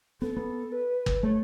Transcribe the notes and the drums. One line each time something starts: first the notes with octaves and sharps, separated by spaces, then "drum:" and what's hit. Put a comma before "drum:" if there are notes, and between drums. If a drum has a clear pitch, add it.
B3 A4
B3
B4
drum: kick
A3 C#5